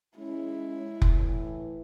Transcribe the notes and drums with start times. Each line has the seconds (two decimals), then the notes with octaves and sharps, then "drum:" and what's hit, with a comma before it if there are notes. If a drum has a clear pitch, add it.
0.17 G#3 C#4 E4
1.02 A2 E3, drum: kick F1